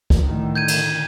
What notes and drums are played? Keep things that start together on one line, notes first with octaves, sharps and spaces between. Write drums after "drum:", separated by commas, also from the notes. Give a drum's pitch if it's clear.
drum: kick
A2 D3 D#3
G6 G#6 D#7
drum: cymbal